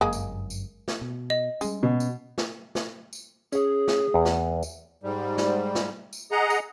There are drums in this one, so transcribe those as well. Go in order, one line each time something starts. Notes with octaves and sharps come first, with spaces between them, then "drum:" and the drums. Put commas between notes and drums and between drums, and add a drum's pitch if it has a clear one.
G1 F#2 G#3 A#3 G#4
drum: tambourine
drum: tambourine
drum: snare
B2
D#5
G3 G#3 C#4, drum: tambourine
B2 C#4
drum: tambourine
drum: snare
drum: snare
drum: tambourine
C#4 G#4 C#5, drum: tambourine
drum: snare
E2
drum: snare
drum: tambourine
G#2 G3
drum: snare
drum: snare
drum: tambourine
G#4 D#5 F#5 A#5
drum: tambourine